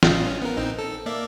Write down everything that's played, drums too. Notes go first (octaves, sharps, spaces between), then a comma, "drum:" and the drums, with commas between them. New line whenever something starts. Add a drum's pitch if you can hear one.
A1 F4 D#5, drum: snare
C#4
B3 A#4
A#1 C4 D#4
A4
A#3 D5 E5